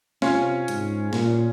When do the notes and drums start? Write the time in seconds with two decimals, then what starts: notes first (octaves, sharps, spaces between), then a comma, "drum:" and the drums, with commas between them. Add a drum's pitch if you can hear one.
0.22 C3 C#4 F4, drum: snare
0.68 G#2, drum: hi-hat
1.13 A#2, drum: snare